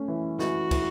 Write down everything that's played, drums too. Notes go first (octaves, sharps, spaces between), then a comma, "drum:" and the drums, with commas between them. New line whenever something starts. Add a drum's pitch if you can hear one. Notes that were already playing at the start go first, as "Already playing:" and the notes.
Already playing: A3 C#4
E3
E3 F#4, drum: snare
E3, drum: kick, cymbal